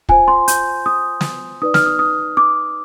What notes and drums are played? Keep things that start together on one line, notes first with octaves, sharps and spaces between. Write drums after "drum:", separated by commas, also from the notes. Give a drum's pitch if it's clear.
F4 C5 G#5, drum: kick
C6
G6, drum: hi-hat
D#6
drum: snare
D#4 B4 D5 D#6
F6, drum: snare
D#6
D#6
D6